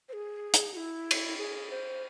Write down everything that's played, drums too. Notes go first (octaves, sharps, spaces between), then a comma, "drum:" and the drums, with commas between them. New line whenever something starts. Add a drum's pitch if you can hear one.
C5
G#4
drum: hi-hat
F#4
E4
drum: cymbal
G#4
C5